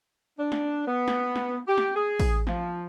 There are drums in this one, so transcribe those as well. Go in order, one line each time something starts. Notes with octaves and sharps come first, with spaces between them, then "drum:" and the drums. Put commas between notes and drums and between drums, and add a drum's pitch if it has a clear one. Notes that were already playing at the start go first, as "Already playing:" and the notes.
D4
drum: snare
B3
drum: snare
drum: snare
G4
drum: snare
G#4
drum: kick, open hi-hat
F3, drum: snare